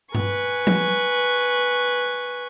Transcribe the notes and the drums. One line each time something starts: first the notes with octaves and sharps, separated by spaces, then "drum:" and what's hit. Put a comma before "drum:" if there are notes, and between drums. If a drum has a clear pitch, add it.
B4 G#5 C#6, drum: tom G2
drum: tom F3